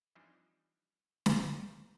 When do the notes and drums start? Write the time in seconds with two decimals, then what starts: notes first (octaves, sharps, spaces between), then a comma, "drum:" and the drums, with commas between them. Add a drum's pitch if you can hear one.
0.16 E3 F3 G3 C4 D4 D#4
1.26 drum: snare